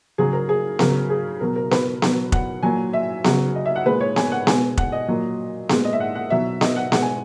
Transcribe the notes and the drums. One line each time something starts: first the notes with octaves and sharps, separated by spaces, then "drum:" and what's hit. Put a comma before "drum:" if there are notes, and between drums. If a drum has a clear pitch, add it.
C#3 F#3 G#4
A#4
G#4
C#3 F#3 A#4, drum: snare B3
G#4
B2 F#3 A#4
A#4
B4, drum: snare B3
B2 F#3, drum: snare B3
F#5, drum: kick F1
A#2 F#3 G#5
E5
C#3 F#3 F#5, drum: snare B3
D#5
E5
F#5
A#2 G#3 B4
C#5
G#5, drum: snare B3
F#5
B2 G#3 G#5, drum: snare B3
F#5, drum: kick F1
D#5
A#2 F#3
A#2 G#3, drum: snare B3
D#5
E5
F#5
F#5
B2 F#3 E5
D#5, drum: snare B3
F#5
B2 G#3 F#5, drum: snare B3
G#5